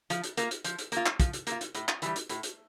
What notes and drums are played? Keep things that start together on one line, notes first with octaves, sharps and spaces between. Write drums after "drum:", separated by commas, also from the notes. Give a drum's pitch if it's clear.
F3, drum: hi-hat
drum: hi-hat
A#3 F4, drum: hi-hat
drum: hi-hat
F3, drum: hi-hat
drum: hi-hat
A#3 F4, drum: hi-hat
drum: clap
F3, drum: kick, hi-hat
drum: hi-hat
A#3 F4, drum: hi-hat
drum: hi-hat
A2, drum: hi-hat
drum: clap
E3 G3, drum: hi-hat
drum: hi-hat
A2, drum: hi-hat
drum: hi-hat